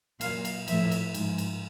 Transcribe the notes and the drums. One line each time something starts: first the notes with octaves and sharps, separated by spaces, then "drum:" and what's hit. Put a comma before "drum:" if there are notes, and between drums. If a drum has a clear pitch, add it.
A#2 F#3 F5, drum: cymbal
drum: cymbal
A2 F3 E5, drum: cymbal
drum: cymbal
G#2 F3, drum: cymbal
drum: cymbal